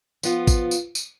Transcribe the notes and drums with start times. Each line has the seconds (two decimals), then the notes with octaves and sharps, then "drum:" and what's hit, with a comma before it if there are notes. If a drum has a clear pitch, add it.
0.23 F3 B3 F4, drum: tambourine
0.47 drum: kick, tambourine
0.71 drum: tambourine
0.95 drum: tambourine